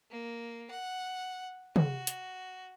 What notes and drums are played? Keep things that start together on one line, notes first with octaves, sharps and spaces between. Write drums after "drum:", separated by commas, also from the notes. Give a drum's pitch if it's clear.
A#3
F#5
F#4, drum: tom
drum: hi-hat